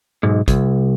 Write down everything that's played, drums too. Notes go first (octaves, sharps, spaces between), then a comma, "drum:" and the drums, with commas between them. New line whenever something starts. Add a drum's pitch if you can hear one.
B1 G#2
C2, drum: kick, hi-hat